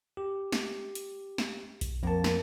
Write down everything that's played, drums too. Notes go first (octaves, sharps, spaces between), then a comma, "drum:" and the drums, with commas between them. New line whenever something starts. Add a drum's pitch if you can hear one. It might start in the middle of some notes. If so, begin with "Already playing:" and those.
G4
drum: snare
drum: hi-hat
drum: snare
drum: kick B1, hi-hat
F2 F#3 A#3 A5
drum: snare